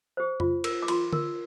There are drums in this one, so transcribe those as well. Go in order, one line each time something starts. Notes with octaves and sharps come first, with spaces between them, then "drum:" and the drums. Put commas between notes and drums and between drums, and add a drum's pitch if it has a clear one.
G4 C5
F4, drum: tom
A#4, drum: cymbal
D6
F4 C6, drum: cymbal
A#4, drum: tom D3